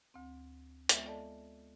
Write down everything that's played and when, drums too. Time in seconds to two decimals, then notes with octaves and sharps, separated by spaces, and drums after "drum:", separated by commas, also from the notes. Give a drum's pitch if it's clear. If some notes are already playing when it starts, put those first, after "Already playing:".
0.14 D2 C4
0.89 G#3 B3 F4 E5, drum: hi-hat
1.05 A4 D5 D#5 A5